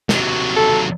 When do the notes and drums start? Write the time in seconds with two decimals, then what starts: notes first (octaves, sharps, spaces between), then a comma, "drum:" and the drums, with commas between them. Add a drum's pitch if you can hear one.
0.09 C3 F#3, drum: snare
0.56 A4